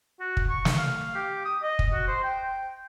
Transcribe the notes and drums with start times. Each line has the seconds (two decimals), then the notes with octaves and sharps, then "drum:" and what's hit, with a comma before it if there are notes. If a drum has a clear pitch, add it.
0.20 F#4
0.37 drum: kick
0.50 C#6
0.65 drum: snare
0.78 F5
1.15 G4
1.45 D#6
1.62 D#5
1.79 drum: kick
1.93 F#4
2.07 C5
2.23 G5